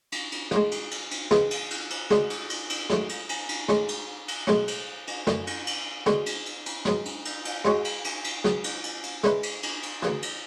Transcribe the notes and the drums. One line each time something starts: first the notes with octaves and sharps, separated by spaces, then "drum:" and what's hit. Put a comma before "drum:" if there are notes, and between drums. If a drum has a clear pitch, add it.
drum: cymbal
drum: cymbal
A1 A2 G#3, drum: snare
drum: cymbal
drum: cymbal
drum: cymbal
C#2 C#3 E3 G#3 B3, drum: snare
drum: cymbal
drum: cymbal
drum: cymbal
D2 C#3 G#3 D4 G#4, drum: snare
drum: cymbal
drum: cymbal
drum: cymbal
G#2 F#3 A3, drum: snare
drum: cymbal
drum: cymbal
drum: cymbal
A2 G#3 C#4, drum: snare
drum: cymbal
drum: cymbal
B1 A2 G#3 C#4, drum: snare
drum: cymbal
drum: cymbal
F#2 D3 A3, drum: snare
drum: cymbal
drum: cymbal
D2 D3 G#3 B3 F#4, drum: snare
drum: cymbal
drum: cymbal
drum: cymbal
G#2 F#3 B3, drum: snare
drum: cymbal
drum: cymbal
drum: cymbal
G#2 G#3 C#4 F#4, drum: snare
drum: cymbal
drum: cymbal
drum: cymbal
C#2 C#3 F#3, drum: snare
drum: cymbal
drum: cymbal
drum: cymbal
D3 G#3 C#4 E4 B4, drum: snare
drum: cymbal
drum: cymbal
drum: cymbal
D2 C#3 E3, drum: snare
drum: cymbal